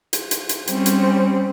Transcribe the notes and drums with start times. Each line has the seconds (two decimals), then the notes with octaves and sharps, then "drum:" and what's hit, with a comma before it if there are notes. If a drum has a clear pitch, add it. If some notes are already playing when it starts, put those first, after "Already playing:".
0.13 drum: hi-hat
0.31 drum: hi-hat
0.49 drum: hi-hat
0.67 G3 C4 C#4, drum: hi-hat
0.86 drum: hi-hat